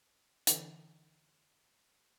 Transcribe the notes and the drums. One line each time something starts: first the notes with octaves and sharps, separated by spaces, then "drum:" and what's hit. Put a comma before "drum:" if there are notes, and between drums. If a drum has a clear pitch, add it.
D3 E3, drum: hi-hat